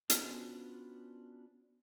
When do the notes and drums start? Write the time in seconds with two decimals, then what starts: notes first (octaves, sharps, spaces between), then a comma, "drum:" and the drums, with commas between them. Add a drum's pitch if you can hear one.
0.10 B3 C#4 D4 F4 F#4 C5, drum: hi-hat